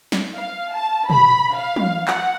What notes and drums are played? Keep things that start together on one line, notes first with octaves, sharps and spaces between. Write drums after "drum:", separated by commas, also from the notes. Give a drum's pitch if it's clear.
drum: snare
F5
A5
B5, drum: tom
F5
drum: tom
F#5, drum: clap